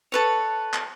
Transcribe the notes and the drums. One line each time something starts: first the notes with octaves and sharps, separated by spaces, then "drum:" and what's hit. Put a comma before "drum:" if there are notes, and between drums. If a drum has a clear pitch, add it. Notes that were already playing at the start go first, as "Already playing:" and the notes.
A4 B4 C#5
drum: clap